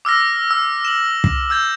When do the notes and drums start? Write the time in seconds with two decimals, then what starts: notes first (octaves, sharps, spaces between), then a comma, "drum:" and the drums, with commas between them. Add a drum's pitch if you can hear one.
0.05 D6 E6 F6 A#6
0.51 E6
0.85 E7 F#7
1.24 drum: kick
1.50 E6 G6 G#6